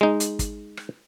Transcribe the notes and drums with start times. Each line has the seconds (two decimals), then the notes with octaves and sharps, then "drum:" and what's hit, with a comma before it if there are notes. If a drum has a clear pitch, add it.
0.01 G#3 D#4
0.20 drum: hi-hat
0.39 drum: kick, hi-hat
0.77 drum: rim click